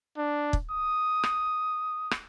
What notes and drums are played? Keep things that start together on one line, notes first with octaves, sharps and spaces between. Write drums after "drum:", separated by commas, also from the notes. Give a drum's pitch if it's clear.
D4
drum: kick
D#6
drum: rim click
drum: rim click